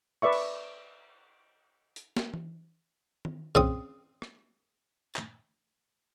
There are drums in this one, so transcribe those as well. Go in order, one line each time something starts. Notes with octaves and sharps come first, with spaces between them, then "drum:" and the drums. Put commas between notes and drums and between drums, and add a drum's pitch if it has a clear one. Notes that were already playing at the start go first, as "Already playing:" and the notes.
B4 D5 E5 C#6
drum: cymbal
drum: hi-hat
drum: snare
drum: tom E3
drum: tom D#3
C#3 C4 D#6, drum: kick
drum: rim click
drum: clap